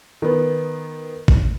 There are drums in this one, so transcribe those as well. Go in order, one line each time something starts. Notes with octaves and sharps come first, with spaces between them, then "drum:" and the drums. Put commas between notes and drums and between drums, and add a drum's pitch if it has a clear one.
D#3 B3
drum: kick